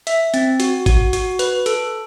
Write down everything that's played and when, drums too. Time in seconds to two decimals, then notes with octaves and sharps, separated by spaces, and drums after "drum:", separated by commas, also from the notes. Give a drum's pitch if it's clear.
0.07 E5, drum: hi-hat
0.34 C4, drum: hi-hat
0.60 F#4, drum: hi-hat
0.86 F#4, drum: kick G#1, hi-hat
1.13 F#4, drum: hi-hat
1.39 B4, drum: hi-hat
1.66 A4, drum: hi-hat